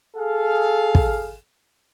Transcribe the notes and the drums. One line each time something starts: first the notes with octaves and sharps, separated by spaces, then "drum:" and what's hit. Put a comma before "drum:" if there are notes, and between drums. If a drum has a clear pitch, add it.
G#4 A4 F5
drum: kick